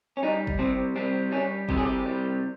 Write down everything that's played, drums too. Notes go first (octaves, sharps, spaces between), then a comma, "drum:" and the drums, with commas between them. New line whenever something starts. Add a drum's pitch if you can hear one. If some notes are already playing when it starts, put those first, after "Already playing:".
C#4
G3 D#4
drum: kick
C3 C4
G3 C4
G3 C#4
C3 G4, drum: kick
G#4
G4
G3